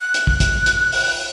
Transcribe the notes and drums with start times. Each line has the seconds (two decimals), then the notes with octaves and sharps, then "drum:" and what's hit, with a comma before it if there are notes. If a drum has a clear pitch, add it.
0.01 F#6
0.14 drum: hi-hat
0.27 drum: kick
0.40 drum: kick, hi-hat
0.66 drum: hi-hat
0.92 drum: open hi-hat